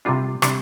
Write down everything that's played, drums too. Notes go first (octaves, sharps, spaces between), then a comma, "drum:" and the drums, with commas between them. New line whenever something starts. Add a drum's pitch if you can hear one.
C3 G3 D4 F4
C3 G3 D4, drum: rim click